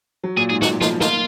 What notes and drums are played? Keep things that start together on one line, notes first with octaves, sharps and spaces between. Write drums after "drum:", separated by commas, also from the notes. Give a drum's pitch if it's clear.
F#3
A#2 G#4
G#2 G#4
A#2 F#4, drum: snare
F3 F4, drum: snare
A#3 F4, drum: snare